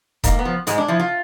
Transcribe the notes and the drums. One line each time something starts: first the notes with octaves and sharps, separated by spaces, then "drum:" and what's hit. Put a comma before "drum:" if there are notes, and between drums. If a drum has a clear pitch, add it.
G#2 A#3, drum: kick E1, hi-hat
B3
F3
G#2 G#3, drum: hi-hat
D4
F3 E4
F4